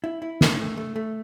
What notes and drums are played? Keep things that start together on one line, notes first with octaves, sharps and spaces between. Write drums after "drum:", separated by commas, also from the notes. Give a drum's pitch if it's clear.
E4
E4
A3, drum: snare
A3
A3
A3